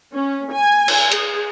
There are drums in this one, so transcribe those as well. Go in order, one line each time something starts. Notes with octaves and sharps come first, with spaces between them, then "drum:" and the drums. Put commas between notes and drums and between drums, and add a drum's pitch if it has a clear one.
C#4
G#5
drum: cymbal
G#4, drum: hi-hat